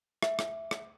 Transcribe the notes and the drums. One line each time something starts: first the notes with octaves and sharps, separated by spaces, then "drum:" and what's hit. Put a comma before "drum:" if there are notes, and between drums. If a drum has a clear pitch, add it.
E5, drum: rim click
drum: rim click
drum: rim click